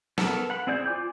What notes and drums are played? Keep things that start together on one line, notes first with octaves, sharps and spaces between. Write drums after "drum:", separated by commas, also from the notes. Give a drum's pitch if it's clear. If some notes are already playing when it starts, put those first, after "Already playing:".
B3 A4 A#4, drum: snare
F#5 B5
C4 E4 G#4 D5 G6
F4 G#5 D6 G6